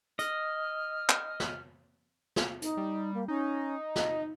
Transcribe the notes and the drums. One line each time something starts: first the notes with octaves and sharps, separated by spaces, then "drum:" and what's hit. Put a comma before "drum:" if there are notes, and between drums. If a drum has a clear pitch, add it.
D#5 F6, drum: hi-hat
drum: clap
drum: snare
drum: snare
D#4, drum: hi-hat
G3
A#3
C#4 D#4
D#5, drum: snare